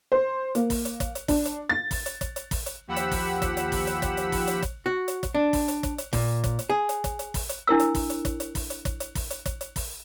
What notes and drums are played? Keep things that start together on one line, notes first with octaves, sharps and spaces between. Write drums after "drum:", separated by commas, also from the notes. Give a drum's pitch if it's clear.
C5
A#3, drum: hi-hat
drum: kick, open hi-hat
drum: hi-hat
drum: kick, hi-hat
drum: hi-hat
D4, drum: kick, open hi-hat
drum: hi-hat
A6
drum: kick, open hi-hat
drum: hi-hat
drum: kick, hi-hat
drum: hi-hat
drum: kick, open hi-hat
drum: hi-hat
D#2 F3 G4 F#5 B5 E6
drum: hi-hat
drum: kick, open hi-hat
drum: kick, hi-hat
drum: hi-hat
drum: kick, open hi-hat
drum: hi-hat
drum: kick, hi-hat
drum: hi-hat
drum: kick, open hi-hat
drum: hi-hat
drum: kick, hi-hat
F#4
drum: hi-hat
drum: kick, hi-hat
D4
drum: kick, open hi-hat
drum: hi-hat
drum: kick, hi-hat
drum: hi-hat
A#2, drum: kick, open hi-hat
drum: kick, hi-hat
drum: hi-hat
G#4
drum: hi-hat
drum: kick, hi-hat
drum: hi-hat
drum: kick, open hi-hat
drum: hi-hat
D4 E4 A#4 E6
drum: hi-hat
drum: kick, open hi-hat
drum: hi-hat
drum: kick, hi-hat
drum: hi-hat
drum: kick, open hi-hat
drum: hi-hat
drum: kick, hi-hat
drum: hi-hat
drum: kick, open hi-hat
drum: hi-hat
drum: kick, hi-hat
drum: hi-hat
drum: kick, open hi-hat